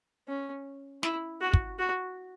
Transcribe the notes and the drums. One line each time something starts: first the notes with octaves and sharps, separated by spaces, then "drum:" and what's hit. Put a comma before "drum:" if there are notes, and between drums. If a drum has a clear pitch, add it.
C#4
E4, drum: snare
F#4
drum: kick
F#4